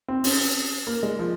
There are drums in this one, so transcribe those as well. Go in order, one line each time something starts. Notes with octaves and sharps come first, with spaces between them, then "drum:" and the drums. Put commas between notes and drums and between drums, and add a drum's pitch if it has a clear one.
C4
C#4, drum: open hi-hat
A#3
G#3
F3